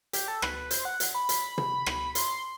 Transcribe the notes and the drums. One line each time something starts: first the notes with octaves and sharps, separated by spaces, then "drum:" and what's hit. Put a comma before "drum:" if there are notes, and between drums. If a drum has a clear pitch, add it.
G4, drum: hi-hat
A4
B4, drum: rim click
B4
C5, drum: hi-hat
F#5
drum: hi-hat
B5
drum: hi-hat
B5, drum: tom
drum: rim click
C6, drum: hi-hat